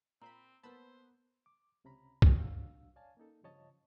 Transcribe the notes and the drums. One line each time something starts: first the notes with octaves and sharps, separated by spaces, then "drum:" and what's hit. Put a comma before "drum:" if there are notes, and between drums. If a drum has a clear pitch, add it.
A#2 C4 C5 A#5 B5
A#3 B3 B4 C5 A5 B5 E6
D6
C#2 C3 C#4 A#5 B5
drum: kick
G2 F#3 D4 F#4 F5 E6
C#5 D5 F5 G#5 A5
A#3 C#4 D#4 A4
G2 C#3 F3 C#5 D#5 A5